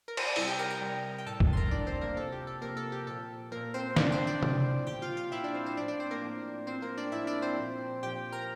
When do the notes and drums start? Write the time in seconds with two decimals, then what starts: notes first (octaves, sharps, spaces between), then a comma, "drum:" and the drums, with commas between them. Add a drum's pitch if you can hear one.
0.08 A#4
0.17 C5, drum: cymbal
0.27 D5
0.36 C3 G3 E4 E5, drum: open hi-hat
0.47 G4 G5
0.59 A#4 A#5
0.70 A#4 A#5
0.81 C3 G3
1.18 G5
1.26 A2 G3 A4 A5
1.40 drum: kick
1.53 C6
1.57 A#4 A#5
1.71 A2 G3 D4 D5
1.87 C4 C5
2.01 A#3 A#4
2.16 C3 F3 A4
2.32 G4
2.47 A4
2.61 C3 F3 A#3 A#4
2.77 A4
2.92 G4
3.07 A#2 F3 A4
3.51 A#2 F3 A#3 A#4
3.74 C4 C5
3.96 A2 F3 D4 D5, drum: snare
4.12 C4 C5
4.27 D4 D5
4.43 A2 F3, drum: tom C3
4.87 A#2 F3 G4 G5
5.02 F4 F5
5.17 F4 F5
5.32 A#2 F3 E4 E5
5.44 D4 D5
5.54 C4 C5
5.66 C4 C5
5.77 A2 F3 D4 D5
5.88 D4 D5
6.00 C4 C5
6.11 A#3 A#4
6.22 A2 F3
6.67 A2 F3 C4 C5
6.82 A#3 A#4
6.97 D4 D5
7.12 A2 F3 E4 E5
7.27 D4 D5
7.42 C4 C5
7.57 A#2 F3
8.02 A#2 F3 G4 G5
8.32 A#4 A#5